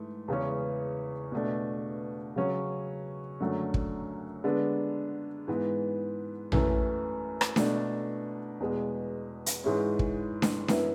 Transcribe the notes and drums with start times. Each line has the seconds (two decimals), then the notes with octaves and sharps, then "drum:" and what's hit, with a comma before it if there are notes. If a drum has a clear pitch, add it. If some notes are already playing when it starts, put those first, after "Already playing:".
Already playing: G#2 E3 A3
0.28 E2 C#3 E3 G#3 C#4
1.32 B2 A3 D4
2.36 C#3 F#3 C#4
3.40 F#2 D3 F#3 A3
3.74 drum: kick
4.44 D3 G#3 B3 D4
5.48 G#2 E3 B3
6.52 F#2 E3 A3 E4, drum: tom A#1
7.41 drum: rim click
7.56 B2 A3 D4, drum: snare D4
8.60 E2 B2 G#3
9.46 drum: hi-hat
9.64 G#2 E3 G#3 C#4 E4
9.99 drum: kick
10.42 drum: snare D4
10.68 F#2 E3 B3 E4, drum: snare D4